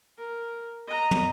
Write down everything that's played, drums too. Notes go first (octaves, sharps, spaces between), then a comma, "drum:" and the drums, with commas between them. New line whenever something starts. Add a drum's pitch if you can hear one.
A#4
D#5 A#5
drum: tom